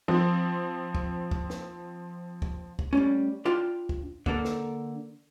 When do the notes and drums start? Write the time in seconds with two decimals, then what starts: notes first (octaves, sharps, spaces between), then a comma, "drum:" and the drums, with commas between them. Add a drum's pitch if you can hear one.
0.08 F3 C4
0.95 drum: kick
1.31 drum: kick
1.50 drum: snare
2.42 drum: kick
2.79 drum: kick
2.93 G3 A3 C#4
3.45 D4 F4 G5 C6
3.89 drum: kick
4.26 D3 A#3 A4 A#4, drum: kick
4.45 drum: snare